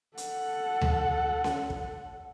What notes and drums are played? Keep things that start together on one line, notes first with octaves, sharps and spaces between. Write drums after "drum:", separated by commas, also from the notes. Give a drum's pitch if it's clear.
A4 F#5, drum: hi-hat
drum: tom D2
drum: snare C#4
drum: kick